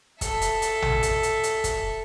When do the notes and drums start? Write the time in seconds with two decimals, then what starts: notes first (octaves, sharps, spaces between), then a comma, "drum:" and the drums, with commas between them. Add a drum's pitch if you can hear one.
0.21 A4 E5, drum: kick, hi-hat
0.42 drum: hi-hat
0.62 drum: hi-hat
0.82 drum: tom
1.03 drum: hi-hat
1.23 drum: hi-hat
1.43 drum: hi-hat
1.64 drum: kick, hi-hat